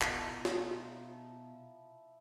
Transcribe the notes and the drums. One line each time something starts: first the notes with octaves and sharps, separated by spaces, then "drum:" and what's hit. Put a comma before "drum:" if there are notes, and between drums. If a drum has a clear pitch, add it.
B2 F3 D#4 E4 A5, drum: clap
drum: snare